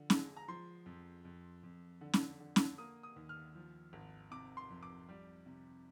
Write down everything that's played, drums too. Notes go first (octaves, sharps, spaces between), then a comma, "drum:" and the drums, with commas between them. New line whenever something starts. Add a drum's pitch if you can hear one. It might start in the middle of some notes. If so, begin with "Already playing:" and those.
Already playing: D3 F3
G#3, drum: snare C#4
A#5
F3 C6
F2
F2
F2
D3
drum: snare C#4
D3
drum: snare C#4
A#3 D#6
D#6
D#2
F6
F3
G#1
C3 D6
C6
F2
D6
G3
C3